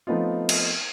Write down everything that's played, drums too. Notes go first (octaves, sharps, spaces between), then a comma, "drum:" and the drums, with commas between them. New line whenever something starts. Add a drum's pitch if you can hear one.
F3 A3 B3 C4 D#4 F4
drum: cymbal